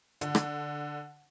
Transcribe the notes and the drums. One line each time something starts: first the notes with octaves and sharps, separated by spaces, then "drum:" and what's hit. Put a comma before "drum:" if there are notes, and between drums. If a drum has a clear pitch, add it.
D3, drum: hi-hat
drum: rim click